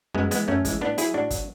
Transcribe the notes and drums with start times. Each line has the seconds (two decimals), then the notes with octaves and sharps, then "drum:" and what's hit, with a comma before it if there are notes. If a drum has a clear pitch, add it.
0.14 F#2 G#3 B3
0.31 E3 G#3 B3, drum: hi-hat
0.48 F#2 A3 C#4
0.65 E3 G#3, drum: kick, hi-hat
0.81 A2 B3 D4
0.98 F#3 E4 G#4, drum: hi-hat
1.14 A2 D4 F#4
1.30 F#3, drum: kick, hi-hat